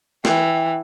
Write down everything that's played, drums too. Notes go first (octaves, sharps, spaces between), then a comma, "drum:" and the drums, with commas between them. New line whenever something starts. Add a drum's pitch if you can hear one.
E3 G5, drum: snare